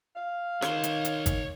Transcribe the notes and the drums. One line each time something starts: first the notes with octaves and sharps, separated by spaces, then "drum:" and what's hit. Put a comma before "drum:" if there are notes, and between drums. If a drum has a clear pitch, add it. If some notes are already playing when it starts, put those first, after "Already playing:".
F5
D#3 C#5 C6, drum: rim click
drum: hi-hat
drum: hi-hat
drum: kick, hi-hat